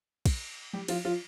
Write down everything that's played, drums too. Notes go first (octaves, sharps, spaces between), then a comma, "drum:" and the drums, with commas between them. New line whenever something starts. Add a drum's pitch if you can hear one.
drum: kick, cymbal
G3 G4
F3 F4, drum: cymbal
F3 F4